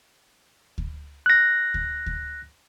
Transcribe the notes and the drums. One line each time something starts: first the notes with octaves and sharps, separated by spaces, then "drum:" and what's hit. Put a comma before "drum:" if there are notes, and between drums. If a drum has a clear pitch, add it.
drum: kick D2
F#6 A#6
drum: kick D2
drum: kick D2